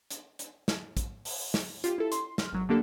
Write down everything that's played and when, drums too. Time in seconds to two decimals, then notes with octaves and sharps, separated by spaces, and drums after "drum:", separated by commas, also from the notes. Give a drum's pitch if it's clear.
0.11 drum: hi-hat
0.39 drum: hi-hat
0.68 drum: snare
0.97 drum: kick, hi-hat
1.25 drum: open hi-hat
1.54 drum: snare
1.84 F4 G4, drum: hi-hat
1.98 E4 A4
2.12 C6, drum: hi-hat
2.38 F6, drum: snare
2.52 G#1 F#3
2.69 D3 A3 A#3 D4 G4 A4